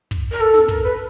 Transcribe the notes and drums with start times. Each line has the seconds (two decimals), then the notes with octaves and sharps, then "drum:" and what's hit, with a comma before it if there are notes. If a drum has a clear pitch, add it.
0.11 drum: kick
0.31 A#4
0.40 A4
0.54 drum: snare
0.68 A#4, drum: kick
0.83 B4